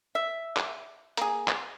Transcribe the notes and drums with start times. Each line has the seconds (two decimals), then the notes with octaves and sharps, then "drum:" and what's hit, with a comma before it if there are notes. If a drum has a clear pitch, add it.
0.15 E5
0.57 drum: clap
1.17 A#3 G#4, drum: hi-hat
1.48 drum: clap